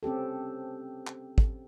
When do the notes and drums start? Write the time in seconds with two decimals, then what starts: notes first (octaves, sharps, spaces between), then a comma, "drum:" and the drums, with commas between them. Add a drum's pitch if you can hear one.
0.03 C4 C#4 G4 A4
1.07 drum: clap
1.38 drum: kick